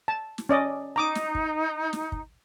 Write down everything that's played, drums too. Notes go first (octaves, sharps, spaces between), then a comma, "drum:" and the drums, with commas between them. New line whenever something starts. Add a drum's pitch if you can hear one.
A5
drum: snare
C#4 D5 D#5
D#4 A#5 D6 D#6
drum: snare
drum: kick
drum: snare
drum: kick